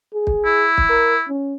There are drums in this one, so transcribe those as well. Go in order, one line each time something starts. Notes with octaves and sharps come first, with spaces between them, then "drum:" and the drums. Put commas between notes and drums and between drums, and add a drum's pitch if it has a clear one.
G#4
drum: kick
E4
drum: kick
A#4
C#4